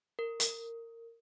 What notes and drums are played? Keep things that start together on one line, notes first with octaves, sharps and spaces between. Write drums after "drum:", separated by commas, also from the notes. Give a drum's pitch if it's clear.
A#4
A#4, drum: hi-hat